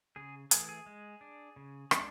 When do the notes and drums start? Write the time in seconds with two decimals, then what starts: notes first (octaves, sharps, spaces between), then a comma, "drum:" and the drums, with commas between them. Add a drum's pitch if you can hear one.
0.16 C#3 G#4
0.51 E3 A3 G#4, drum: hi-hat
0.69 G#4
0.86 G#3
1.21 D4
1.56 C#3
1.91 G#3 D4, drum: rim click